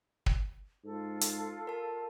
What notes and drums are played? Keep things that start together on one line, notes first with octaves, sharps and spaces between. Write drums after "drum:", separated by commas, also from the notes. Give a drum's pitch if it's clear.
drum: kick
G#2 F4 A4
drum: hi-hat
A#4 A5